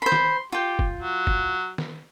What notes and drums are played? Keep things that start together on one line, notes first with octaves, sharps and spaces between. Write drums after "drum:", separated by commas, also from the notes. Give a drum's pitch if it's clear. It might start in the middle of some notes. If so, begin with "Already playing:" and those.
C5 B5 C6
drum: snare
F4 G4 G5
drum: kick
F#3
drum: kick
drum: snare